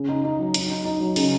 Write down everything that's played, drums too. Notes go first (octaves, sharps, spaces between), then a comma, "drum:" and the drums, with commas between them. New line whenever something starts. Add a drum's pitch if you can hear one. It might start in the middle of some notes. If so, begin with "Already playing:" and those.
Already playing: C#3
D#4
D#4
F#3
D#4, drum: hi-hat
D#4
D#4
F#3
C#3, drum: open hi-hat